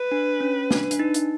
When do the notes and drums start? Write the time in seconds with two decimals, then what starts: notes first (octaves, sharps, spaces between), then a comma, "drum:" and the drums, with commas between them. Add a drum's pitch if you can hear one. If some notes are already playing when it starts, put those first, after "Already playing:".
Already playing: B4
0.12 D4
0.41 C#4
0.71 D4, drum: snare
0.91 D4, drum: hi-hat
0.99 D#4
1.14 drum: hi-hat